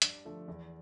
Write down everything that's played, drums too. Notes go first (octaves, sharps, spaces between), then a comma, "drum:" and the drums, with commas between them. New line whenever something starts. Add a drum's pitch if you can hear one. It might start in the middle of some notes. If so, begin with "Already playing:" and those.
G2 D5, drum: hi-hat
D3 F3 A3
E2